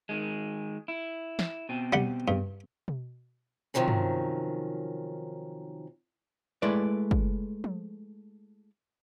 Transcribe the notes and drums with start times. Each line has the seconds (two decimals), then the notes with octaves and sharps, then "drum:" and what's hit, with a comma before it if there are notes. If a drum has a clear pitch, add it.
0.09 D#3 G#3
0.88 E4
1.39 drum: snare
1.69 B2 C4
1.93 G3 F#5, drum: tom B2
2.28 G2
2.88 drum: tom B2
3.74 C3 D#3 F3 F#3 C#4
3.88 drum: tom G2
6.62 G#3 A3 E4 B4 D5
7.11 drum: kick
7.64 drum: tom F3